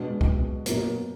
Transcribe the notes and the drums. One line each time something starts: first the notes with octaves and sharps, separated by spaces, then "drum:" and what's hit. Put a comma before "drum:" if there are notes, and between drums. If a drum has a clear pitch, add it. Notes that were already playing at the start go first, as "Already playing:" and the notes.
Already playing: B2 G#3 B3 D4
drum: kick
B2 F#3 A#3, drum: hi-hat